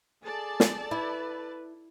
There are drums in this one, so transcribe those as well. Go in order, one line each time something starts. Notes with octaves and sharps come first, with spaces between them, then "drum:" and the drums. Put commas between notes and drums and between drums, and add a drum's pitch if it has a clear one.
G#4 A4 D5 A5
drum: snare
E4 B4